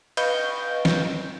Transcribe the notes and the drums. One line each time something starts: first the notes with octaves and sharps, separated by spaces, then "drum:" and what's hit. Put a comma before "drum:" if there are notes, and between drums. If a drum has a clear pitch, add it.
B4 D#5 F5 C#6 G6, drum: cymbal
drum: snare